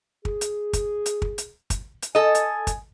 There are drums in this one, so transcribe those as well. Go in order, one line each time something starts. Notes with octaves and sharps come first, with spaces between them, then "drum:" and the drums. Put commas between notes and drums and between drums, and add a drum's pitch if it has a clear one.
G#4, drum: kick
drum: hi-hat
drum: kick, hi-hat
drum: hi-hat
drum: kick
drum: hi-hat
drum: kick, hi-hat
drum: hi-hat
A4 D#5 G#5
drum: hi-hat
drum: kick, hi-hat